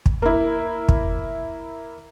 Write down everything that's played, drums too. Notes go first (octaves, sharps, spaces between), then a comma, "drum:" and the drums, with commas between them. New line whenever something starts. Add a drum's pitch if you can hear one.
drum: kick
A#3 E4
drum: kick